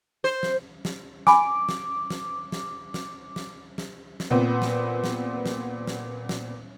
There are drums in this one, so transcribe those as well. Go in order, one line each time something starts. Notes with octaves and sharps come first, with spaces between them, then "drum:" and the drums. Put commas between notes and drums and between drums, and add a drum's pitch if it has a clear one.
C5
drum: snare
drum: snare
G#5 B5 D6, drum: snare
drum: snare
drum: snare
drum: snare
drum: snare
drum: snare
drum: snare
drum: snare
A#2 B3 C4
drum: snare
drum: snare
drum: snare
drum: snare
drum: snare